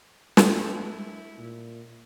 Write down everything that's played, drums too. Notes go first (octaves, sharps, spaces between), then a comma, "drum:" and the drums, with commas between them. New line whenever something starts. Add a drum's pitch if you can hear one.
drum: snare
E4
A#2